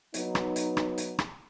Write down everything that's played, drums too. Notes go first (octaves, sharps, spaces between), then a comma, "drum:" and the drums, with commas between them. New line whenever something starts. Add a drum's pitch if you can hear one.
F#3 B3 D#4, drum: hi-hat
drum: rim click
drum: hi-hat
drum: rim click
drum: hi-hat
drum: rim click